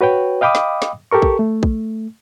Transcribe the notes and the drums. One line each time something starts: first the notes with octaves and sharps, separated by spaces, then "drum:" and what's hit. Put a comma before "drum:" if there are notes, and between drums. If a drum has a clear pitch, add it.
F#4 B4 C#5 G5
D#5 F5 G5 B5 D6 D#6
drum: snare
drum: snare
G4 A4 A#4 C#6
drum: kick
A3
drum: kick